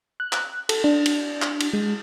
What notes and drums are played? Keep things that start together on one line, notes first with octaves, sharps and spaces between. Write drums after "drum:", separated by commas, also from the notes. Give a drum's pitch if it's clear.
F#6
drum: clap
A4, drum: cymbal
D4
drum: cymbal
drum: clap
drum: cymbal
G#3